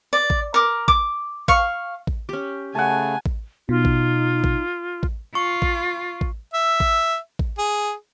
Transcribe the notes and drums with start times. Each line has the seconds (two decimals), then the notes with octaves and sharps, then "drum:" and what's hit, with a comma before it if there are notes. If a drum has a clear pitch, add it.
0.13 D5
0.30 drum: kick A1
0.54 A#4 D6
0.88 D6, drum: kick A1
1.48 F5 C#6, drum: kick A1
2.07 drum: kick A1
2.29 C#4 G4
2.75 C#3 A3 F#5 G#5 A5
3.26 drum: kick A1
3.69 B2 D#4 F4
3.85 drum: kick A1
4.44 drum: kick A1
5.03 drum: kick A1
5.35 F4 C#6
5.62 drum: kick A1
6.21 drum: kick A1
6.53 E5
6.80 drum: kick A1
7.39 drum: kick A1
7.58 G#4